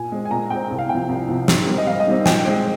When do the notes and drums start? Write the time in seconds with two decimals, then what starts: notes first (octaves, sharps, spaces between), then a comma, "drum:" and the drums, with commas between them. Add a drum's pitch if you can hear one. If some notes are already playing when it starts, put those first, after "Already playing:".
Already playing: A#2 G#5
0.12 G#3 C4
0.25 G#5
0.31 A#2 A#5
0.50 G#3 C4 G5
0.71 C2
0.79 F5
0.89 C3 F3 G5
1.09 C2
1.28 C3 F3
1.48 G#2, drum: snare
1.67 D#3 G3 C4
1.78 D#5
1.87 G#2 F5
2.00 D#5
2.07 D#3 G3 C4
2.26 A#2 G5, drum: snare
2.45 G#3 C4